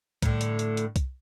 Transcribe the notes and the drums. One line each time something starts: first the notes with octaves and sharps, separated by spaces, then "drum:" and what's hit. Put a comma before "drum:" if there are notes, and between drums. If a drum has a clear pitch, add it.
A2 D3, drum: kick C2, hi-hat
drum: hi-hat
drum: hi-hat
drum: hi-hat
drum: kick C2, hi-hat